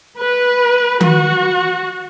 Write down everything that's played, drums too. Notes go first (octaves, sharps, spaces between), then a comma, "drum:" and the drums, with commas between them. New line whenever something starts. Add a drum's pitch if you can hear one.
B4
F#4, drum: tom D#3